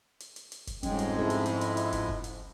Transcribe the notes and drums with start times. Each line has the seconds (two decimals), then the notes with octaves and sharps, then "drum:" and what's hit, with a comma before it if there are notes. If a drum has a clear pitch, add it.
0.20 drum: hi-hat
0.36 drum: hi-hat
0.52 drum: hi-hat
0.67 drum: kick, hi-hat
0.83 F2 G#2 G3 G#3 C#4 G5, drum: kick, hi-hat
0.99 drum: hi-hat
1.19 E4 G#4 A4
1.30 drum: hi-hat
1.46 drum: hi-hat
1.61 drum: hi-hat
1.77 drum: hi-hat
1.93 drum: kick, hi-hat
2.08 drum: kick
2.24 drum: hi-hat